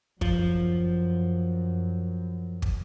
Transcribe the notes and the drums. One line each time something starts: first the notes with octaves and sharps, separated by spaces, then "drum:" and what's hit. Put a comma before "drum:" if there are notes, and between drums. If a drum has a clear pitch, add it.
F#2 F3, drum: kick
drum: kick